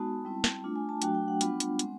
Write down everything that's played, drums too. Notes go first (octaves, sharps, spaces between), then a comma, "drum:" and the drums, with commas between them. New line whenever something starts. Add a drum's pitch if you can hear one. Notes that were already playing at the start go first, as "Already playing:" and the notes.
Already playing: G#3 B3 D#4 F#4 A5
G3 C4 E4
drum: snare
A3 D4 F4
G#5
A5
F#3 A3 D4 F#4 G5, drum: hi-hat
G5
F#5
G3 B3 D4 F4, drum: hi-hat
drum: hi-hat
G#3 C4, drum: hi-hat